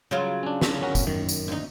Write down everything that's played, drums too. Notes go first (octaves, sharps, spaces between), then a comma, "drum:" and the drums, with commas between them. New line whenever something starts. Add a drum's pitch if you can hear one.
C#3 F#3 F4
C#4 D4
drum: snare
C#4 F#4 A#4
drum: kick, tambourine
F#2 D#3
drum: tambourine
D2 D#4